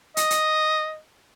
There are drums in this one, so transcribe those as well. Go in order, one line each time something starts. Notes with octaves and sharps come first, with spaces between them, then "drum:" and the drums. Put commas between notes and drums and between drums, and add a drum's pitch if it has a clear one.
D#5, drum: hi-hat
drum: hi-hat